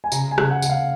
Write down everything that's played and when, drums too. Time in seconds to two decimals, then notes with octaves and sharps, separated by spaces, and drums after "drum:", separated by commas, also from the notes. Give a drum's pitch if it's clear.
0.04 G#5
0.12 C#3 A#5, drum: tambourine
0.31 G#5
0.38 C#3, drum: rim click
0.50 F#5
0.62 C#3 F#5, drum: tambourine
0.69 F5